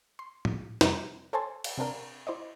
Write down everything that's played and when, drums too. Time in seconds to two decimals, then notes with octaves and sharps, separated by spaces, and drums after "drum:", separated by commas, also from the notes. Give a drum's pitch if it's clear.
0.19 C6
0.45 drum: tom
0.81 F2 C3 G3 C5 A#5, drum: snare
1.33 A4 C5 C#5 G#5 A5 C6
1.64 drum: cymbal
1.78 C3 C4 D4 A#4
2.27 E4 C5 D5 D#5